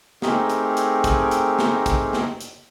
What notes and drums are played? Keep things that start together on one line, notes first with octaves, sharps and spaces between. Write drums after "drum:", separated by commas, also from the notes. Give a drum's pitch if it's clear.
A3 C4 D#4 G4 G#4 A#4, drum: snare
drum: hi-hat
drum: hi-hat
drum: kick, hi-hat
drum: hi-hat
drum: snare
drum: kick, hi-hat
drum: snare
drum: hi-hat